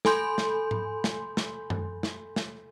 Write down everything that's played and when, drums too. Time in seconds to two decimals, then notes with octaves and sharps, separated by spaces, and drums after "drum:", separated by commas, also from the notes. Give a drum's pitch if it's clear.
0.05 A4 G#5 B5 C6 G6, drum: snare
0.38 drum: snare
0.71 drum: tom G#2
1.04 drum: snare
1.37 drum: snare
1.70 drum: tom F#2
2.03 drum: snare
2.36 drum: snare